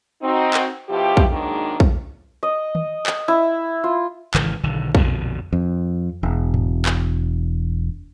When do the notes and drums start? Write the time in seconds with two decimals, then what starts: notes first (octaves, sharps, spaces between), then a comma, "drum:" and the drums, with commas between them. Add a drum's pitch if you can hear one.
0.22 C4 D#4 F#4
0.54 drum: clap
0.89 B2 F3 E4 G4
1.17 drum: kick A#1
1.31 G#2 D#3 F#3 G#3 A#3 D4
1.80 drum: kick A#1
2.43 D#5
2.75 drum: tom D#3
3.06 drum: clap
3.28 E4
3.84 F4
4.34 G#1 C#3 E3, drum: clap
4.63 B1 D3 D#3
4.95 A#1 F2 B2 D3, drum: kick A#1
5.53 F2
6.23 E1
6.54 drum: tom G#2
6.86 drum: clap